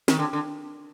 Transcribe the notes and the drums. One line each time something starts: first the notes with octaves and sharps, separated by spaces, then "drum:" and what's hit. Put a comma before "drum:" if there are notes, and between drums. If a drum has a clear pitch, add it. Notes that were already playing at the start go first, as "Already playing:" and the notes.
D#3, drum: snare
D3
D3